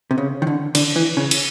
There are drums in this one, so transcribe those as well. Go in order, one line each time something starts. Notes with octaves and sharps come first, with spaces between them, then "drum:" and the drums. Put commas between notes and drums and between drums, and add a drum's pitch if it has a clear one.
C3
C#3
D#3
D3
D3, drum: cymbal
E3
C#3
drum: cymbal